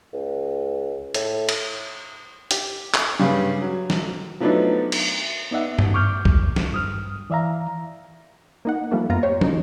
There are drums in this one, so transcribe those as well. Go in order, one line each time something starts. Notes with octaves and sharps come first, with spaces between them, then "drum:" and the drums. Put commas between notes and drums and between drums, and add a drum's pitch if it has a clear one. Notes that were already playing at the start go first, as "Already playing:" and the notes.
C#2
A2, drum: hi-hat
drum: cymbal
G4, drum: hi-hat
drum: clap
G2 C#3 G3
F#3
drum: snare
F3 F#3 A3 B3 D4 D#4
drum: cymbal
B3 D#4 D5 E5 F#5
drum: tom G2
C#6 D6 F6 G6
drum: kick C2
drum: snare
G2 D#6 F6
E3 D5 E5 F5 A#5
A#3 D#4 F#5
F3 G3 A3 A#3 D4
F#2 B3 F4 A#5
G4 C5 C#5
C#3 D#4, drum: tom